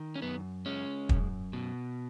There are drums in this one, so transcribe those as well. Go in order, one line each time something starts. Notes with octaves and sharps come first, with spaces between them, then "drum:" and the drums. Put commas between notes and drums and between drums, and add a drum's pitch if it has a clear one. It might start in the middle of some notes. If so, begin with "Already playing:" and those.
Already playing: D#3
C#4
F#2 B3
G#3 C#4
F#2, drum: kick
B2